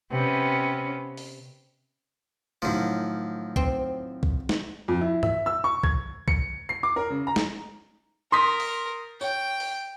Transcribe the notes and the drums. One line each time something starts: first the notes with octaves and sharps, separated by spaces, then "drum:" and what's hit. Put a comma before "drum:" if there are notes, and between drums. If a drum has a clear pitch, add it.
C3 B3 C#4
drum: open hi-hat
F#2 A2 D#3 F3
C4, drum: kick B1
drum: kick B1
drum: snare
F2
E4
E5, drum: tom G#2
E6
C#6
G#6, drum: kick B1
C#7, drum: kick B1
C7
D6
A#4
C#3
A#5
drum: snare
A#4 C6 D#6 B6
drum: open hi-hat
C#5 G5, drum: tambourine
drum: open hi-hat